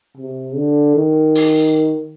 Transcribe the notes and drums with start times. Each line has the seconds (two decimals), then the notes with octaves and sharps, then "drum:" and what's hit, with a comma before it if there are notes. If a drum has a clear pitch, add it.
0.17 C3
0.56 D3
0.95 D#3
1.35 drum: open hi-hat